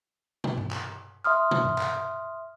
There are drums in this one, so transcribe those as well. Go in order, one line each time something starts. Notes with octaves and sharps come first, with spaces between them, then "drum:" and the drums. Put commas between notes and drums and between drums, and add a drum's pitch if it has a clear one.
drum: tom
drum: tom G2
drum: clap
E5 C6 D#6 F6
drum: tom
drum: tom G2
drum: clap